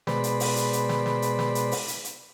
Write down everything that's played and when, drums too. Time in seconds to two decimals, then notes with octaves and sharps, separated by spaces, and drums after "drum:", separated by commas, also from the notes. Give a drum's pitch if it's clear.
0.07 B2 G#3 B4 C5 D5 B5, drum: snare
0.24 drum: hi-hat
0.40 drum: open hi-hat
0.56 drum: hi-hat
0.73 drum: hi-hat
0.89 drum: snare
1.06 drum: snare
1.22 drum: hi-hat
1.39 drum: snare
1.55 drum: hi-hat
1.72 drum: open hi-hat
1.88 drum: hi-hat
2.04 drum: hi-hat